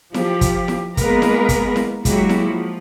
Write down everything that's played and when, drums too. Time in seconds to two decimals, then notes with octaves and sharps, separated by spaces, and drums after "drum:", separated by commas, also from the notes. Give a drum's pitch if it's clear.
0.14 F3 G4, drum: snare E4
0.41 drum: kick, hi-hat
0.68 drum: snare E4
0.97 G#3 A#3 B3 A#4 B4, drum: kick, hi-hat
1.22 drum: snare E4
1.49 drum: kick, hi-hat
1.76 drum: snare E4
2.05 F#3 G#3 A#3 E4 F#4 G4, drum: kick, hi-hat
2.29 drum: snare E4
2.49 F3